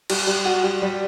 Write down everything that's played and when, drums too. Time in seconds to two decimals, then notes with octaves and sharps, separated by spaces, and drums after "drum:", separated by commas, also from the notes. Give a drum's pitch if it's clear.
0.10 G3, drum: cymbal
0.27 G3
0.45 F#4
0.63 G3
0.82 G3